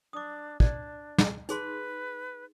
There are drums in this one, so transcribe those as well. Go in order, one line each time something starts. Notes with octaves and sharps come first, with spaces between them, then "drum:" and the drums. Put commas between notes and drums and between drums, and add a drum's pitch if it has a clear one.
D4 D6 D#6
D4 D5, drum: kick
drum: snare
D#4 G#4 B4 C6, drum: hi-hat